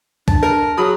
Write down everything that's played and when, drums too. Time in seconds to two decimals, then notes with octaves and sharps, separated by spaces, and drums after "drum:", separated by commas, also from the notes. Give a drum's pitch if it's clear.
0.28 D4 A5, drum: kick
0.43 A#4
0.77 F#3 G#4 B5 D#6